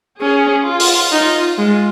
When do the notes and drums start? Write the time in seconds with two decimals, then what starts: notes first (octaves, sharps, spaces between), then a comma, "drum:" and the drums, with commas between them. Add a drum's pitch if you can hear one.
0.21 C#4 G#4
0.66 F4
0.80 drum: open hi-hat
1.12 D#4 F4
1.58 G#3 F4